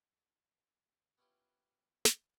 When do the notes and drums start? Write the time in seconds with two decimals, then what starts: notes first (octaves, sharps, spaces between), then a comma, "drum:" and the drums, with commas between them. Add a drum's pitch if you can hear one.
1.18 B3 C#4 E4 F4 G4 B4
2.05 drum: snare